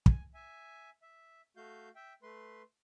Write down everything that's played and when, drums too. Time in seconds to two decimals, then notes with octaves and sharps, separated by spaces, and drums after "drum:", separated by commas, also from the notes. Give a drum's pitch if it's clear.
0.06 G#5, drum: kick
0.34 E5 G#5
1.02 E5
1.57 A3 F#4 F5 G6
1.95 E5 G5
2.23 A3 B4 C6